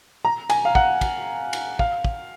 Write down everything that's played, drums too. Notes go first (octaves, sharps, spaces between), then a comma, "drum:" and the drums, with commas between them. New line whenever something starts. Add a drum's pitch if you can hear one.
A#5
G#5, drum: cymbal
F5
F#5, drum: kick
drum: kick, cymbal
drum: cymbal
F5, drum: kick
drum: kick